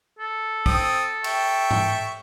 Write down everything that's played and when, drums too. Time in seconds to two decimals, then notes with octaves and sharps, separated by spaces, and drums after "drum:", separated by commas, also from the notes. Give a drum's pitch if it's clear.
0.19 A4
0.66 C4 D#6, drum: kick
1.24 E5 G5 C#6, drum: cymbal
1.71 drum: tom G#2